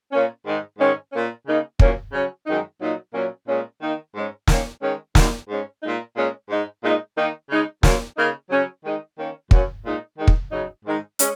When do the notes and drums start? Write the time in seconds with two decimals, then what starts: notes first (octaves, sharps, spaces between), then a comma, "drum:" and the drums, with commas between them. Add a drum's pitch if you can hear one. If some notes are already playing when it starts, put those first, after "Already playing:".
0.12 A#2 A#3 C#4
0.46 G#2 D#3 G#3 D#4
0.79 G#2 D#3 G#3 C#4
1.12 A#2 A#3 C#4
1.46 C#3 A#3 D#4
1.80 A#2 F#3 A#3 C#4, drum: kick
2.13 C#3 F#3 C#4
2.47 F#2 D#3 G#3 D#4
2.81 A#2 F#3 D#4
3.14 A#2 F#3 A#3 C#4
3.47 A#2 G#3 C#4
3.81 D#3 A#3 D#4
4.14 G#2 G#3 C#4
4.47 D#3 A#3 C#4, drum: snare
4.82 D#3 G#3 C#4
5.15 F#2 D#3 A#3 D#4, drum: snare
5.48 G#2 G#3 C#4
5.82 A#2 G#3 D#4
6.15 A#2 G#3 C#4
6.49 G#2 G#3 D#4
6.83 A#2 G#3 D#4
7.16 D#3 A#3 D#4
7.50 C#3 G#3 D#4
7.83 F#2 F#3 A#3 C#4, drum: snare
8.17 C#3 A#3 D#4
8.50 C#3 F#3 C#4
8.84 D#3 G#3 D#4
9.17 D#3 A#3 C#4
9.51 F#2 F#3 A#3 C#4, drum: kick
9.84 A#2 G#3 D#4
10.18 D#3 G#3 D#4
10.28 drum: kick
10.51 C#3 F#3 D#4
10.85 G#2 D#3 G#3 D#4
11.19 G#3 C#4, drum: hi-hat